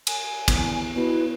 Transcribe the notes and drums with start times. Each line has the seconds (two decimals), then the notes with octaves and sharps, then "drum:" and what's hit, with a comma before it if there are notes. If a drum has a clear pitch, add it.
0.07 G#5, drum: cymbal
0.48 E2, drum: kick, cymbal
0.96 B2 E4 B4